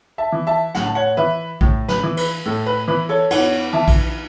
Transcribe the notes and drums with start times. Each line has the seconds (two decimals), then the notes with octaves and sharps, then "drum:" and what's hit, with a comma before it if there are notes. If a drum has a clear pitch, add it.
0.18 E5 A5
0.32 E3
0.47 E5 A5
0.75 A2 F#5, drum: snare
0.86 A5
0.95 C#5 F#5
1.17 E3 B4 E5
1.61 A2, drum: kick A#1
1.89 B4, drum: snare
2.03 E3
2.17 B4, drum: cymbal
2.46 A2 A4
2.66 B4
2.88 E3 B4
3.09 A4 C#5
3.30 E2 C#5 F#5, drum: cymbal
3.73 E3 E5 A5
3.88 drum: kick A#1, cymbal